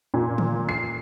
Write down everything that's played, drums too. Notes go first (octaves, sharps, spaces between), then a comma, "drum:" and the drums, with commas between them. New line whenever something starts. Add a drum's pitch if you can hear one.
A#2
drum: tom D3
C7